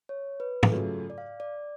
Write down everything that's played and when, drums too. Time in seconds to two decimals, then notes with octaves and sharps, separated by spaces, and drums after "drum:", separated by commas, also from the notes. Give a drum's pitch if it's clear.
0.09 C#5
0.40 B4
0.63 G#4, drum: tom
0.70 F#2 C#3 F#3 A3 F4 A4
1.10 D5
1.18 F5
1.40 D5